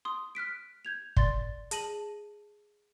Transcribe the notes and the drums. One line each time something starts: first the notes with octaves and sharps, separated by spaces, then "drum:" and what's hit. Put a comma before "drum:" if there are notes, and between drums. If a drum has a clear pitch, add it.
C6 D#6
F6 F#6 B6 D7
G6 G#6 F7
D5 C6 A6, drum: kick
G#4 A5 A#6 D#7 F#7, drum: hi-hat